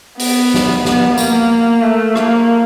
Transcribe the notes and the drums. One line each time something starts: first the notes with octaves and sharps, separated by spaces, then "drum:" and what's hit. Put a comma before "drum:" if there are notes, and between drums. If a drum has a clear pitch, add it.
B3, drum: open hi-hat
drum: snare
B3, drum: snare
A#3, drum: tambourine
A3
A#3, drum: rim click